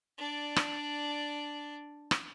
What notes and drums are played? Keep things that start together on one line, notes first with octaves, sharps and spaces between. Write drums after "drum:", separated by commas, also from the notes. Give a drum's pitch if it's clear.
D4 D5
drum: rim click
drum: rim click